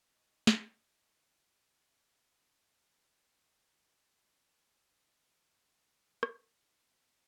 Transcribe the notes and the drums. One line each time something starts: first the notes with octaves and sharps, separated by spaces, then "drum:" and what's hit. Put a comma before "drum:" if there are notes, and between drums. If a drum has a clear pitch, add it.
D#5 C#6 D7 D#7
drum: snare
B4 G5 G#5 A#5 C#6
F3 D4
E2 A#3
drum: rim click
B3 C4 A#4